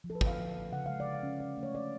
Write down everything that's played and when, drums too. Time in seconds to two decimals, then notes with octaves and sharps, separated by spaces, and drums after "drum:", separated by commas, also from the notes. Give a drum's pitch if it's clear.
0.04 F3
0.10 A4
0.15 B4
0.21 D3, drum: kick
0.27 F5
0.39 F3
0.55 F3
0.72 C#3 F#5
0.86 G#3 F5
1.00 D5
1.06 C#3
1.14 F5
1.23 C#4
1.40 C#4 D5
1.58 A3
1.63 C#5
1.75 C#4 D5